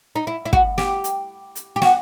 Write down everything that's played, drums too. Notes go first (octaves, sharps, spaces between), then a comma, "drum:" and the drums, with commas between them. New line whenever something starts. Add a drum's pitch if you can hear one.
D#4
E4
E4
F#4, drum: kick
G4, drum: snare
drum: hi-hat
drum: hi-hat
G4
F#4, drum: snare